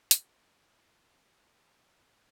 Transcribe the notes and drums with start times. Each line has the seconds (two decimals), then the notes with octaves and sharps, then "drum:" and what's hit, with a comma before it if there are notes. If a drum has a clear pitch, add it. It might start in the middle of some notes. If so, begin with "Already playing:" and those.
0.11 A3 A#3, drum: hi-hat